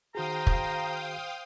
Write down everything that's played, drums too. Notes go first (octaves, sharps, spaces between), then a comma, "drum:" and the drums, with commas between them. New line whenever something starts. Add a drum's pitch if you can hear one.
D#3 F#4 G#4 C5 F5 G5 A#5 D#6
drum: kick